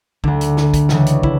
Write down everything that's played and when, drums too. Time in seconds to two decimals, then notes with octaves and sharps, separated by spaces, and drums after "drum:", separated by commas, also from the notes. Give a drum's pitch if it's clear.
0.24 D2 D3 D4, drum: kick
0.41 drum: hi-hat
0.57 drum: snare
0.74 drum: kick, hi-hat
0.89 C#2 C#3 E3 D4, drum: snare
1.06 drum: hi-hat
1.23 E4, drum: kick